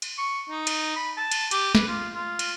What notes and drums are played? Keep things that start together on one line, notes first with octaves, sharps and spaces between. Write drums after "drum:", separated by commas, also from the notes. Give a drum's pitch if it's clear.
drum: cymbal
C#6
D#4
drum: cymbal
B5
A5
drum: cymbal
G4, drum: cymbal
B4, drum: snare
F4
F4
drum: cymbal